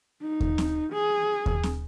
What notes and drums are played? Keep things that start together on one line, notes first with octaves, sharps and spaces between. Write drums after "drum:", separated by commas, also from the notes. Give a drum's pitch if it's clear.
D#4
drum: kick D#2
drum: snare C4
G#4
drum: kick D#2
drum: snare C4